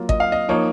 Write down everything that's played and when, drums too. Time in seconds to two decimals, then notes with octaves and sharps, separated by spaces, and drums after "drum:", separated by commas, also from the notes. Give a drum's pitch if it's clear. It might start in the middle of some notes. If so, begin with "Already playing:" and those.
Already playing: F#3 A#3 F4
0.09 D#5, drum: kick
0.20 F5
0.32 D#5
0.49 F3 A#3 D#4 C#5